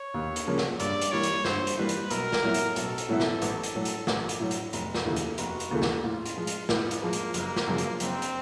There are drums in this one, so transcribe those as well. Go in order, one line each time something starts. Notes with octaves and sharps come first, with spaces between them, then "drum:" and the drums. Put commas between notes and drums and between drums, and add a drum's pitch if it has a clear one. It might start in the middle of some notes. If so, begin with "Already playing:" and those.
Already playing: C#5
D#2
drum: hi-hat
C#3 F3 A#3 C#4
drum: snare
G2 D5, drum: hi-hat
drum: hi-hat
E3 G3 A#3 C#5
drum: hi-hat
G2 C5, drum: snare
drum: hi-hat
E3 G3 A#3 B4
drum: hi-hat
B1 A#4, drum: hi-hat
drum: snare
A2 F#3 B3 E4
drum: hi-hat
B1 A4, drum: hi-hat
drum: hi-hat
A2 F#3 B3 E4
drum: snare
A1, drum: hi-hat
drum: hi-hat
A2 F#3
drum: hi-hat
A1, drum: snare
drum: hi-hat
A2 F#3
drum: hi-hat
F1, drum: hi-hat
drum: snare
D#2 C#3 E3 A3
drum: hi-hat
F1 F#4, drum: hi-hat
drum: hi-hat
D#2 C#3 E3 A3
drum: snare
A2 F4
drum: hi-hat
F3 G#3
drum: hi-hat
A2 B3, drum: snare
drum: hi-hat
F3 G#3 A#3
drum: hi-hat
F#1 A#3, drum: hi-hat
drum: snare
F#2 C#3 F3
drum: hi-hat
F#1 C4, drum: hi-hat
drum: hi-hat